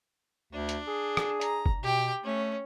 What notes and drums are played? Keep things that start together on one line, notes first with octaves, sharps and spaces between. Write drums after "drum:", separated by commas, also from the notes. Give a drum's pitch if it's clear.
D2 D4
drum: hi-hat
G#4
drum: rim click
A#5, drum: hi-hat
drum: kick
B2 G4 G5
A3 C#4